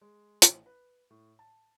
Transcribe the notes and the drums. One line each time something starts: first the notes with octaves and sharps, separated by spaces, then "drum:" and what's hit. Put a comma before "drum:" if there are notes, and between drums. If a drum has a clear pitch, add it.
G#3
A1, drum: hi-hat
B4
A2
A5